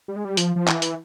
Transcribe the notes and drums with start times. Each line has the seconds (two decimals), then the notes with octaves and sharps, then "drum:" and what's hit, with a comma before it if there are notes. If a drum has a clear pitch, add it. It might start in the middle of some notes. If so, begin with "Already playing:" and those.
0.08 G3
0.16 G#3
0.25 G3
0.37 F3, drum: hi-hat
0.56 F3
0.68 E3, drum: clap
0.82 drum: hi-hat